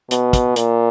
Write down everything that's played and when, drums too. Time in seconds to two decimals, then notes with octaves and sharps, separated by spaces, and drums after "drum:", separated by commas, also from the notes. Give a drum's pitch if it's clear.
0.11 B2, drum: hi-hat
0.33 drum: kick, hi-hat
0.56 A#2, drum: hi-hat